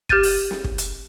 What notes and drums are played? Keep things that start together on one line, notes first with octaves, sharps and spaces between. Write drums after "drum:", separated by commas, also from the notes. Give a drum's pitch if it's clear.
G4 F6 G6 A6 D#7, drum: kick
drum: open hi-hat
drum: snare
drum: kick
drum: hi-hat